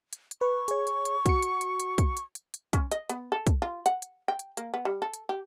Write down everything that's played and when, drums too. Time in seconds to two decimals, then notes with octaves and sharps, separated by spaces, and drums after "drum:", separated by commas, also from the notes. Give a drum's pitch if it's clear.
0.13 drum: hi-hat
0.31 drum: hi-hat
0.41 B4 C#6
0.68 G#4 C#5, drum: hi-hat
0.87 drum: hi-hat
1.05 drum: hi-hat
1.26 F#4 C#7, drum: kick, hi-hat
1.42 drum: hi-hat
1.61 drum: hi-hat
1.80 drum: hi-hat
1.98 drum: kick, hi-hat
2.17 drum: hi-hat
2.35 drum: hi-hat
2.54 drum: hi-hat
2.73 C#4, drum: kick, hi-hat
2.91 D#5, drum: hi-hat
3.09 B3, drum: hi-hat
3.32 A4
3.47 drum: kick, hi-hat
3.62 F4
3.86 F#5, drum: hi-hat
4.02 drum: hi-hat
4.28 G5
4.39 drum: hi-hat
4.57 A#3, drum: hi-hat
4.74 B3
4.85 G3
5.02 A4
5.14 drum: hi-hat
5.29 G4